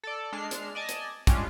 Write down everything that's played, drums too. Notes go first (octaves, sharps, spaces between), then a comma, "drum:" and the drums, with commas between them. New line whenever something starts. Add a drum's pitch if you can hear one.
A4 D5
G#3 D4 F6 C7
drum: hi-hat
D5 D#5 G#5 A5
drum: hi-hat
G3 G#3 C#4 D4 F4, drum: kick, hi-hat